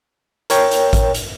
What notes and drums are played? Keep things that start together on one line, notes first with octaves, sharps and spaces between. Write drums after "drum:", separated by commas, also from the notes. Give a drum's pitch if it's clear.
A#4 C#5 G5, drum: hi-hat
drum: hi-hat
drum: kick A1, hi-hat
drum: hi-hat